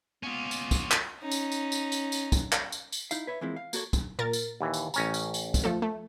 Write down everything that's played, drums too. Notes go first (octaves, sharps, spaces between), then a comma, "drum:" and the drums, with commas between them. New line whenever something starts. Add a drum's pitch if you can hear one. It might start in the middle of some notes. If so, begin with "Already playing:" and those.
G#3 A#3 B3 C#4 F4
drum: tambourine
drum: kick, tambourine
drum: clap
C#4 D#4
drum: tambourine
drum: tambourine
drum: tambourine
drum: tambourine
drum: tambourine
drum: kick, tambourine
drum: clap
drum: tambourine
drum: tambourine
D#4 E4 F5, drum: tambourine
B4 C#5 E5
E3 F3 G#3 A#3 C4 E4
F5
A#3 F#4 A4 C#5, drum: tambourine
drum: kick, tambourine
A#2 A#4 A6
drum: tambourine
D#2 E3
drum: tambourine
A1 C#4 A#5, drum: tambourine
drum: tambourine
drum: tambourine
drum: kick, tambourine
F3 A3 A4
A3